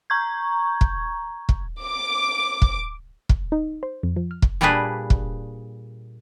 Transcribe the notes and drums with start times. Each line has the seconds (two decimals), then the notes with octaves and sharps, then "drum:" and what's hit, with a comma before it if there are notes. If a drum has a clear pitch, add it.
0.10 A#5 C#6 G6 G#6
0.81 drum: kick
1.49 drum: kick
1.84 D6
2.62 drum: kick
3.29 drum: kick
3.52 D#4
3.83 C5
4.03 F2
4.16 F3
4.31 F6
4.42 drum: kick
4.61 A#2 G3 A#3 D4 G#4 B4
5.10 drum: kick